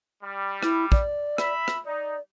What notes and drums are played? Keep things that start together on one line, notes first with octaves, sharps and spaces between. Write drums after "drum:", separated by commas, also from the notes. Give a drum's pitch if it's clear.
G3
E4, drum: rim click
D5, drum: kick
E5 B5, drum: rim click
drum: rim click
D#4 D5